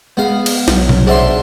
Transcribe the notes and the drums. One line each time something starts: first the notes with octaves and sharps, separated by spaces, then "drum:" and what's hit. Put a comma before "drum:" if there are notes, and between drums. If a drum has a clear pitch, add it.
G#3 B3 G#4 F5
drum: cymbal
B1 F#3, drum: snare
drum: tom B2
D4 G#4 C5 E5 F#5 C6